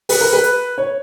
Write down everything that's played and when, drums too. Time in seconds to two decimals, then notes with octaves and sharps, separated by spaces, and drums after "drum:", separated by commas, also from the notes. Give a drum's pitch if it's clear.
0.09 B4, drum: open hi-hat
0.21 A#4
0.32 B4
0.44 drum: hi-hat
0.78 C#5